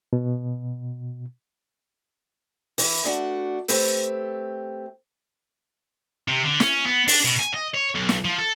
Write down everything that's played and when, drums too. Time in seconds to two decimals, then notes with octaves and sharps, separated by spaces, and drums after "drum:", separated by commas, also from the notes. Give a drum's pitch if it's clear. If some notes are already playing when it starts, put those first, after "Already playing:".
0.13 B2
2.78 E3 E4, drum: open hi-hat
3.04 A3 D4 F#4
3.68 A3 C4 G4 B4, drum: open hi-hat
6.28 C3
6.43 D3
6.60 C#4, drum: snare
6.86 B3
7.08 D4, drum: open hi-hat
7.25 B2
7.40 G#5
7.54 D#5
7.75 C#5
7.95 B1
8.09 drum: snare
8.25 F3
8.38 A4